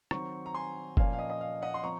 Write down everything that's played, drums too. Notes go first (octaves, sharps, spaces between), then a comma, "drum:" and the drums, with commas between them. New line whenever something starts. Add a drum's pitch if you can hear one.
D#3 F#3 C4 A#5 C#6, drum: rim click
A#5
G#5 C6
A#2 F3 A#3 C#4 F5 G#5, drum: kick
F5
D#5
D#5
F5
D#5 F#5
C6
F3 C4 A#5 C#6